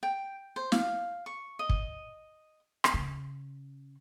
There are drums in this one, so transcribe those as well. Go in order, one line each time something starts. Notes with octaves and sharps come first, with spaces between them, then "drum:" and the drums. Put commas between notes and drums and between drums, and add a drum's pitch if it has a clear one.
G5
C5
F5, drum: snare
C#6
D#5
drum: kick
drum: rim click
C#3